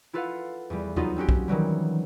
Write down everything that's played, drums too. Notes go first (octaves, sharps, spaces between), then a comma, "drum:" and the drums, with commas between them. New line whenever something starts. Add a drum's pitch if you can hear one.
E4 F4 A4 B4 F5 F#5
E2 G3
F#3 B3 D#4 F4 F#4, drum: tom E2
C4 C#4 F#4 G4
drum: kick B1
D#3 E3 F#3 G3